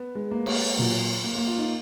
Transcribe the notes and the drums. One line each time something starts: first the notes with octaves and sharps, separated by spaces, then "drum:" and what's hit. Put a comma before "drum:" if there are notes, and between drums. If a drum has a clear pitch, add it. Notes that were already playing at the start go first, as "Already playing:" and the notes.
Already playing: B3
G#3
A#3
A#3, drum: cymbal
A#2 F#3 A#3
A#3
A#3
F4
D#4